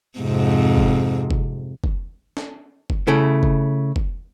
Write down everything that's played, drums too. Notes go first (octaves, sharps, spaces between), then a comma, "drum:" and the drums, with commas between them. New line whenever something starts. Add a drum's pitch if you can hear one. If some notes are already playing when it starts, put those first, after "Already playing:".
F2 G#2 C3
drum: kick
drum: kick
drum: kick
drum: snare
drum: kick
C#3 A3 E4
drum: kick
drum: kick